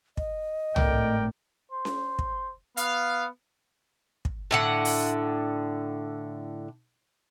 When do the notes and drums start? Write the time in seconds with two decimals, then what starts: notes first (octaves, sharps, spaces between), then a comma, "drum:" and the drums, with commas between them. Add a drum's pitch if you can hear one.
0.17 D#5, drum: kick
0.76 G#1 A2 A3 A#4 D5 G5, drum: tom
1.72 C5
1.85 drum: snare C#4
2.19 drum: kick
2.77 B3 F5, drum: hi-hat
4.25 drum: kick
4.51 A2 D3 F#5
4.85 drum: open hi-hat